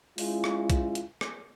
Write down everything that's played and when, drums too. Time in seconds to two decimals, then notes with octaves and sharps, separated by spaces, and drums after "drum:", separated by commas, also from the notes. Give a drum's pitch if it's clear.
0.18 G#3 C#4 E4 F4, drum: open hi-hat
0.44 drum: rim click
0.70 drum: kick, hi-hat
0.95 drum: hi-hat
1.21 drum: rim click